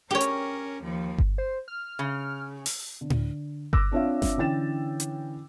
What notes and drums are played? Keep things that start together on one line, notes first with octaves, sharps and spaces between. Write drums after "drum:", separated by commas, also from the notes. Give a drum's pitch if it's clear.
C#4 G4 A#4 C#5
drum: hi-hat
D#2 F3
drum: kick G1
C5
F6
C#3
drum: open hi-hat
D3
drum: tom A2
D6 E6 F#6 A#6, drum: kick G1
C4 D4 F4 C#5 E5 F5
drum: snare G1
D3 E3 C#4 G5 A6 E7
drum: hi-hat